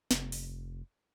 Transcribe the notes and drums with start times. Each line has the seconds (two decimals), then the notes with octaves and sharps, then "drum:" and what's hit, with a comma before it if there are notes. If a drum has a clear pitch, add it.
0.11 F1, drum: snare
0.32 drum: open hi-hat